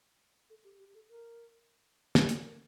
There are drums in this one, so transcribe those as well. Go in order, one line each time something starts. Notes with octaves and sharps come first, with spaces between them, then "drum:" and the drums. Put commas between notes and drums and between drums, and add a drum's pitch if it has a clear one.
A4
G4
G4
A4
A#4
drum: snare
A4, drum: hi-hat
A#4